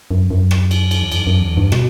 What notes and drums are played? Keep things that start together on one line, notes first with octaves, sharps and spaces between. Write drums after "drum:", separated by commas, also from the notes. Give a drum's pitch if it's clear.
F#2
F#2
drum: rim click
drum: cymbal
drum: cymbal
E2
F#2, drum: cymbal
F#2
E2
G2
B2, drum: rim click